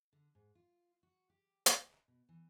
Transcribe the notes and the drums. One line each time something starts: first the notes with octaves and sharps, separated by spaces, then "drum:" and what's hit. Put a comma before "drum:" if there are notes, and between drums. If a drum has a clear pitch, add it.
D3
G#2
F4
F#4
G4
D#5, drum: hi-hat
B2
E3